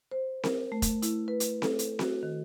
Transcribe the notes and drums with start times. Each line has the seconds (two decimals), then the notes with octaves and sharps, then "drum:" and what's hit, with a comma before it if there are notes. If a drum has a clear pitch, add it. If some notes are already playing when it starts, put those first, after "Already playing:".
0.12 C5
0.43 A#4, drum: snare C4
0.72 A3
0.82 drum: kick, hi-hat
1.02 E4, drum: hi-hat
1.28 B4
1.40 drum: hi-hat
1.62 A4, drum: snare C4
1.79 drum: hi-hat
1.99 F#4, drum: snare C4
2.23 D#3